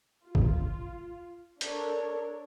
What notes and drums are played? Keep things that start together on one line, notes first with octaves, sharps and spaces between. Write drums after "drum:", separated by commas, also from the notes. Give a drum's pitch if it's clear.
F4
drum: kick
D4 A4 A#4 C#5, drum: hi-hat